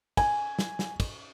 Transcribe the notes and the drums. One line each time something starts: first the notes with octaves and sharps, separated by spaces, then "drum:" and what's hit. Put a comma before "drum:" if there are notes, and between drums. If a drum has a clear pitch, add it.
G#5, drum: kick, cymbal
drum: snare
drum: snare
drum: kick, cymbal